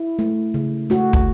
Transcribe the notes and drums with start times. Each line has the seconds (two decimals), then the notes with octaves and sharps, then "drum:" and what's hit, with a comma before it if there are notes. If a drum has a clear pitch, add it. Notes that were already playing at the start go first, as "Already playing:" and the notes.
Already playing: E4
0.19 A3
0.54 C#3
0.90 A3 F#4
1.13 drum: kick